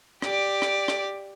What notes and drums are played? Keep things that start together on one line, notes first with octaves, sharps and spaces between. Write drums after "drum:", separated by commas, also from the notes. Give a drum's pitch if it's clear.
G4 D5, drum: rim click
drum: rim click
drum: rim click